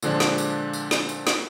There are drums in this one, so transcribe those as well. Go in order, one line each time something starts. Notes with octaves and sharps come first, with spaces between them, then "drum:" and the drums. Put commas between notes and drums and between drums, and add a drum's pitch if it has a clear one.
A#2 D3 F3 G#3 D4, drum: tambourine
drum: snare
drum: tambourine
drum: tambourine
drum: snare
drum: tambourine
drum: snare